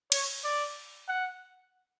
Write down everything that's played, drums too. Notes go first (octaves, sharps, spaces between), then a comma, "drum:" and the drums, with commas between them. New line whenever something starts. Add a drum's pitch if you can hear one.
C#5, drum: cymbal
D5
F#5